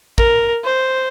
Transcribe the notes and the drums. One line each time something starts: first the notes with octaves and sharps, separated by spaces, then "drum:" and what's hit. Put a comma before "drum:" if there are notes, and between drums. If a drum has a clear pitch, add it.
A#4, drum: kick
C5